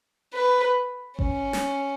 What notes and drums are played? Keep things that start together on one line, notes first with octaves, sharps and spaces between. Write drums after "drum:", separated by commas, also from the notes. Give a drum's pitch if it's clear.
B4
C#4, drum: kick G#1
drum: snare